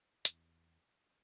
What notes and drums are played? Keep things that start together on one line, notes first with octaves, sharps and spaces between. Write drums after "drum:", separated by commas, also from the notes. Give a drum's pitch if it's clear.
E2, drum: hi-hat